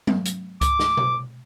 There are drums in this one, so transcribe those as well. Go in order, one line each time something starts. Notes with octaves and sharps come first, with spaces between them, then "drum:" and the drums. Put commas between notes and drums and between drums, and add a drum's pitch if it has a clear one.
drum: tom F#3
drum: hi-hat
D6, drum: kick C#2, hi-hat
drum: snare
drum: tom B2